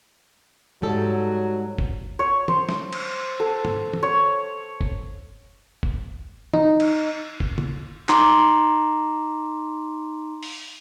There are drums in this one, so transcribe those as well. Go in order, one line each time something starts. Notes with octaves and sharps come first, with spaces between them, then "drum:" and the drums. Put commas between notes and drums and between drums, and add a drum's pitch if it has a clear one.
G#2 F#3 G3 A4
drum: kick F#1
C#5
C5, drum: tom E3
drum: snare
drum: cymbal
A4
drum: tom
drum: tom E3
C#5
drum: kick F#1
drum: kick F#1
D#4, drum: tom E3
drum: cymbal
drum: kick F#1
drum: tom
D#4 A#5 C6 D6, drum: clap
drum: open hi-hat